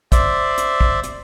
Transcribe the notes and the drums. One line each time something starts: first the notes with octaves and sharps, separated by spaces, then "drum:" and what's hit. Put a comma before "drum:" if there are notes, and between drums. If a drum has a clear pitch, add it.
C5 D5 E5, drum: kick, hi-hat
drum: hi-hat
drum: kick
drum: hi-hat